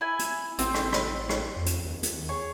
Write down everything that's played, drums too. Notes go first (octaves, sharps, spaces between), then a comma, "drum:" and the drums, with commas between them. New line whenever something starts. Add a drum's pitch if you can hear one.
E4 G#5
drum: hi-hat
A1 C4 G5, drum: hi-hat
drum: rim click
drum: rim click
drum: rim click
F2
drum: hi-hat
D#2
drum: hi-hat
G#4 C#5